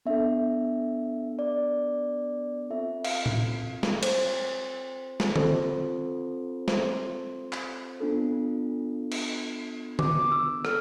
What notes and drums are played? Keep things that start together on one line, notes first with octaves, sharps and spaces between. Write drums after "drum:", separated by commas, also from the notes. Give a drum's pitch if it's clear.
B3 D4 A4 E5
D5
C4 F4 A4 E5
F5, drum: cymbal
drum: tom A2
drum: snare
C5, drum: cymbal
drum: snare
C4 F4 A4 C5, drum: tom D3
C5, drum: snare
drum: clap
B3 D4 F4 A4
drum: cymbal
D6, drum: tom D3
E6
A4 F6, drum: rim click